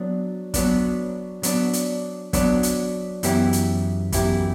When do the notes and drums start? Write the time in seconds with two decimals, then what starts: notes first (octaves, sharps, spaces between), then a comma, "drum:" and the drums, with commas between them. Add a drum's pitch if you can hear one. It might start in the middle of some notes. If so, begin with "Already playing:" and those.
Already playing: F#3 B3 D4
0.54 F#3 B3 D4, drum: kick G1, hi-hat
1.43 F#3 B3 D4, drum: hi-hat
1.73 drum: hi-hat
2.33 F#3 B3 D4, drum: kick G1, hi-hat
2.63 drum: hi-hat
3.23 F#2 E3 B3 E4 G4, drum: hi-hat
3.53 drum: hi-hat
4.12 F#2 E3 B3 E4 G4, drum: kick G1, hi-hat